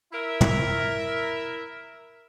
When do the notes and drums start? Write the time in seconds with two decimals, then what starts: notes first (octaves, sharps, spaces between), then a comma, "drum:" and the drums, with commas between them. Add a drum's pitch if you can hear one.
0.13 E4 A#4 E5
0.41 drum: tom